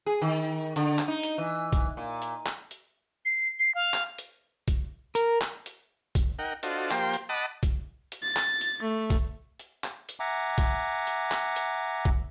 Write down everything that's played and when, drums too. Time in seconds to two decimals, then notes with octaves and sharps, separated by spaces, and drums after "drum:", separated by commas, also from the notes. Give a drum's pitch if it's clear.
0.06 G#4
0.22 D#3
0.76 D3, drum: hi-hat
0.99 drum: clap
1.08 D#4
1.23 drum: hi-hat
1.38 E3
1.73 drum: kick, hi-hat
1.97 A#2
2.22 drum: hi-hat
2.46 drum: clap
2.71 drum: hi-hat
3.26 C7
3.59 C7
3.75 F5
3.94 drum: clap
4.18 drum: hi-hat
4.68 drum: kick, hi-hat
5.15 A#4, drum: hi-hat
5.41 drum: clap
5.66 drum: hi-hat
6.15 drum: kick, hi-hat
6.39 D#4 A#4 F#5 G5
6.63 D4 F4 F#4 A4 C5 D#5, drum: hi-hat
6.91 F3 A#3 G4 C5 G5 C6, drum: clap
7.14 drum: hi-hat
7.29 D#5 F#5 A5 B5 D6 D#6
7.63 drum: kick, hi-hat
8.12 drum: hi-hat
8.23 A6
8.37 drum: clap
8.61 drum: hi-hat
8.82 A3
9.10 drum: kick, hi-hat
9.59 drum: hi-hat
9.84 drum: clap
10.09 drum: hi-hat
10.20 E5 F#5 G#5 A#5 D6
10.58 drum: kick, hi-hat
11.07 drum: hi-hat
11.32 drum: clap
11.56 drum: hi-hat
12.05 drum: kick